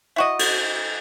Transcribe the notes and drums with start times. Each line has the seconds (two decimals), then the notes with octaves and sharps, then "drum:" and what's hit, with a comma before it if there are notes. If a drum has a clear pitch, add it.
0.16 E4 F#4 D#5
0.39 drum: cymbal